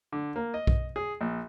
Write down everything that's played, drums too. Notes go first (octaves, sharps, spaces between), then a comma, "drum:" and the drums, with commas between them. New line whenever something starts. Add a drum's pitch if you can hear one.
D3
A#3
D#5
drum: kick B1
G#4
A#1